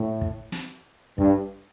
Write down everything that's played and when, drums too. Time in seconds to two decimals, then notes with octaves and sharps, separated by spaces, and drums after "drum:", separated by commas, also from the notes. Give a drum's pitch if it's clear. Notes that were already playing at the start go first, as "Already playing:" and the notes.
Already playing: A2
0.21 drum: kick
0.52 drum: snare
1.18 G2, drum: kick